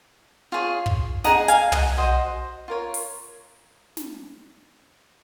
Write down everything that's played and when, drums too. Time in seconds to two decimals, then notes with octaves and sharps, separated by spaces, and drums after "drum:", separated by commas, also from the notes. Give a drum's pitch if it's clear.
0.52 F4 G#4 C#5
0.86 drum: kick
1.24 G#4 D#5 F#5 A#5, drum: snare
1.48 F5 G#5, drum: hi-hat
1.72 D#5 F#5, drum: tom
1.97 F#4 C5 D#5
2.68 F4 A#4 C#5
2.94 drum: open hi-hat
3.97 drum: snare